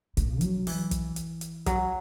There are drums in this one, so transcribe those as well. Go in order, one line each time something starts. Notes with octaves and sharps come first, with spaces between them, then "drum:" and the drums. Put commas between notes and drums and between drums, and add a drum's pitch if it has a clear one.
A2, drum: kick, hi-hat
F#3, drum: hi-hat
E3, drum: open hi-hat
drum: kick, hi-hat
drum: hi-hat
drum: hi-hat
F#3, drum: kick, hi-hat